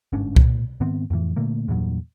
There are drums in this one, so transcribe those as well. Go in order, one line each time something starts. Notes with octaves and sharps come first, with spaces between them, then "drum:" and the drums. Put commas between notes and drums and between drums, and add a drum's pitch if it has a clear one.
G1 G#2 C#4 D4
A#2, drum: kick C2
G#2 D#3 B3 C4
F2 A2 D3 E3
A#2 D3 A3 A#3
E2 G2 A#2 F#3